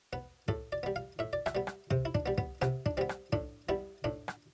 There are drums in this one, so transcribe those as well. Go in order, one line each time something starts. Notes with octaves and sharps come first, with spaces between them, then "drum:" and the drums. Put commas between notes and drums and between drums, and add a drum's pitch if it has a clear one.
B3 B4
A2 A4, drum: kick
D5
G3 B3
F5
A2 E5
D5
E5, drum: rim click
G3 B3
drum: rim click
C3 C5, drum: kick
E4
D4, drum: kick
G3 B3
B3, drum: kick
C3 B3, drum: rim click
D4, drum: kick
G3 B3 C4
drum: rim click
A2 D4, drum: kick
G3 B3 E4
A2 D4
drum: rim click